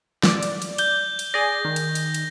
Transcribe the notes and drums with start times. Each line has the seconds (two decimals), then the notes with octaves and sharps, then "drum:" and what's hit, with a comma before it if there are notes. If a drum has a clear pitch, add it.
0.23 D5, drum: snare
0.43 drum: cymbal
0.62 drum: cymbal
0.78 G6 G7, drum: cymbal
1.19 drum: cymbal
1.34 G#4 D5 A#6
1.65 D#3
1.76 drum: cymbal
1.95 drum: cymbal
2.14 drum: cymbal